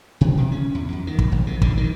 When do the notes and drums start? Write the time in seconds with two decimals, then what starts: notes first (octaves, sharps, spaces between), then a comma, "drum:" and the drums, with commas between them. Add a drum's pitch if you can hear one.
0.21 B2
0.37 C3
0.52 C#4
0.75 E2
0.93 F#2
1.07 D#3
1.19 drum: kick
1.32 G#1
1.47 C3
1.62 D3, drum: kick
1.77 D#3